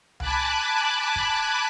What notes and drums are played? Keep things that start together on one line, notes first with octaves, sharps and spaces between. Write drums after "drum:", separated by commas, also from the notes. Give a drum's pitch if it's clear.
G#5 A5 B5 D6 F#6, drum: tom C2
drum: kick